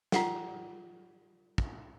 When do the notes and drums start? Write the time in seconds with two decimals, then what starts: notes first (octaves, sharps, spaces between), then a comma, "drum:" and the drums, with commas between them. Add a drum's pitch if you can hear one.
0.12 F4 F#5 G5, drum: snare
1.58 drum: kick